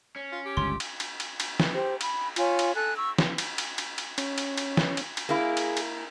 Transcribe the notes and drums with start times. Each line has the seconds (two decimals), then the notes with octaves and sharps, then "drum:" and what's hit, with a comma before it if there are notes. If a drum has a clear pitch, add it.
0.16 C#4
0.32 F4
0.45 G4
0.57 G1 C#2 C6
0.80 drum: cymbal
1.00 drum: cymbal
1.20 drum: cymbal
1.40 drum: cymbal
1.60 drum: snare
1.74 G4 C5
2.01 B5, drum: cymbal
2.36 F4 C#5 G#5, drum: cymbal
2.59 drum: cymbal
2.75 A4 G#5 F#6
2.95 C#6 E6
3.18 drum: snare
3.38 drum: cymbal
3.58 drum: cymbal
3.78 drum: cymbal
3.98 drum: cymbal
4.18 C#4, drum: cymbal
4.38 drum: cymbal
4.58 drum: cymbal
4.77 drum: snare
4.97 drum: cymbal
5.17 drum: cymbal
5.29 A#3 E4 G#4
5.57 drum: cymbal
5.77 drum: cymbal